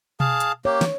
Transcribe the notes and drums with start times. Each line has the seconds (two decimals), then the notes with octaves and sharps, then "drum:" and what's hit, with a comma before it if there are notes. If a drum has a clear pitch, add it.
0.20 G#4 F5 A5, drum: tom B2
0.40 drum: hi-hat
0.65 A#3 G4 C#5
0.81 drum: snare